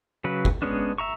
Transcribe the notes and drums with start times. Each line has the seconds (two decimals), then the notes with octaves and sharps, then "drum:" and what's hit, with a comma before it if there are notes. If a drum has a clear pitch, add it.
0.24 C#3 F#3 B4
0.45 drum: kick
0.62 G#3 B3 C#4 D4
0.98 E5 A#5 C#6